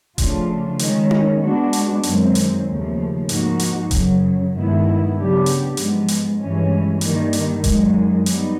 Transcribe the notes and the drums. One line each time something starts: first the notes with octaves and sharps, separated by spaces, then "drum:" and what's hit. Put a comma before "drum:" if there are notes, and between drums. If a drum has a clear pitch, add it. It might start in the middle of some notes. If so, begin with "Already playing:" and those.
C#3 F3 A3 D4 F4, drum: kick D#1, hi-hat
D#3 G#3 C#4, drum: hi-hat
drum: tom D#4
G#3 B3 D4 F#4
drum: hi-hat
F#2 D#3 G#3 C4, drum: hi-hat
drum: hi-hat
D#2 C#3 F3 A3
G#2 F3 A#3 D#4 F#4, drum: hi-hat
drum: hi-hat
F#2 C#3 F#3, drum: kick D#1, hi-hat
G2 D#3 G#3 B3 E4
C#3 F#3 B3 D4 G4
drum: hi-hat
G#2 F3 G#3 B3, drum: hi-hat
drum: hi-hat
G2 E3 G#3 C#4
G2 D#3 G3 A#3, drum: hi-hat
drum: hi-hat
F#2 D#3 G#3, drum: kick D#1, hi-hat
G3 B3 D#4, drum: hi-hat